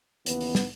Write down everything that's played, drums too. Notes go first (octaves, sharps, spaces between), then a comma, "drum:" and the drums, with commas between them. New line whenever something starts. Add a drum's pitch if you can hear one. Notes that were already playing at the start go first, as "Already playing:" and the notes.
D#2 C#3 E3 B3, drum: hi-hat
drum: open hi-hat
drum: snare